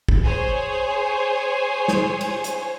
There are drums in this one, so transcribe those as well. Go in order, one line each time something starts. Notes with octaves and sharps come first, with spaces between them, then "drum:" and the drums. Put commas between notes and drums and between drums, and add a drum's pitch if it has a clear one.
drum: kick
G#4 C5 C#5 G#5
drum: snare
drum: cymbal
drum: hi-hat